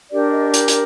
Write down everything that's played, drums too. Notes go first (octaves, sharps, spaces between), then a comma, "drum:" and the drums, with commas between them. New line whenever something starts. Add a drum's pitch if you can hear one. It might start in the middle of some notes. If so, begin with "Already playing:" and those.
D4 G4 A#4 D5
D#5
drum: hi-hat
drum: hi-hat